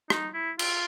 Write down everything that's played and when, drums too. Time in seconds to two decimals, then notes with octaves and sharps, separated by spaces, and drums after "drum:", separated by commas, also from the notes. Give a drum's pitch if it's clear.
0.10 D#4, drum: rim click
0.34 E4
0.59 F4, drum: cymbal